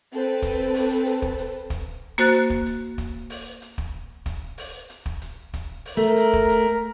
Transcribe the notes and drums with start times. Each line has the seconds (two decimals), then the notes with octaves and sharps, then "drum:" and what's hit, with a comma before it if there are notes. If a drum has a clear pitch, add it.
0.12 C4 A4 B4
0.42 drum: kick, hi-hat
0.74 drum: open hi-hat
1.06 drum: hi-hat
1.22 drum: kick
1.38 drum: hi-hat
1.70 drum: kick, hi-hat
2.18 A#3 F#4 C5 F#6 A6
2.34 drum: hi-hat
2.50 drum: kick
2.66 drum: hi-hat
2.98 drum: kick, hi-hat
3.30 drum: open hi-hat
3.62 drum: hi-hat
3.78 drum: kick
4.26 drum: kick, hi-hat
4.58 drum: open hi-hat
4.90 drum: hi-hat
5.06 drum: kick
5.22 drum: hi-hat
5.54 drum: kick, hi-hat
5.85 drum: open hi-hat
5.97 A3 A#4
6.17 drum: hi-hat
6.33 drum: kick
6.49 drum: hi-hat